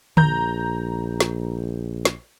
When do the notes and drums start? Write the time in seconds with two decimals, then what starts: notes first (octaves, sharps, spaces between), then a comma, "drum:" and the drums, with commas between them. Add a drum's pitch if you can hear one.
0.17 A#1 A#5 G6, drum: tom D3
1.20 drum: snare
2.05 drum: snare